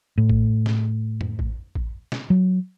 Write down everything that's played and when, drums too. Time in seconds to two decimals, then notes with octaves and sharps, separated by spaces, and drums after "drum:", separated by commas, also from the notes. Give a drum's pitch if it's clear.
0.18 A2
0.29 drum: kick A1
0.66 drum: snare
1.21 drum: tom
1.39 drum: kick A1
1.75 drum: kick A1
2.12 drum: snare
2.30 F#3